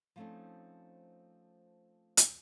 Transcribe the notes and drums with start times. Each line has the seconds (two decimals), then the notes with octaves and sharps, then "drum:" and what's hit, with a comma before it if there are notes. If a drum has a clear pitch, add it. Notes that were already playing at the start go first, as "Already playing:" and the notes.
0.16 F3 G3 A3 C4 C#4 D#4
2.17 drum: hi-hat